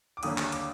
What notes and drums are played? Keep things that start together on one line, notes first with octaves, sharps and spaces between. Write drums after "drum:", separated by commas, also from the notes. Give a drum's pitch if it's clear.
D6
D#2 D3 G3 A#3 C#4 D#6, drum: hi-hat
drum: clap
D6, drum: hi-hat